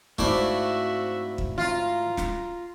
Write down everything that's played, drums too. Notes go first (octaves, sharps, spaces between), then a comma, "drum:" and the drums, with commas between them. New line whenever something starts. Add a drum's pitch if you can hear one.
G#2 A3 C4 E4 F#4 D5 E5 F5, drum: kick
drum: kick
F4 A#5
drum: snare